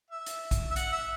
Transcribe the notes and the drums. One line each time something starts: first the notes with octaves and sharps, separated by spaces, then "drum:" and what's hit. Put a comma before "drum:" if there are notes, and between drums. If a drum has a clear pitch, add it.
E5
drum: hi-hat
drum: kick B1, hi-hat
E5
F#5, drum: hi-hat
E5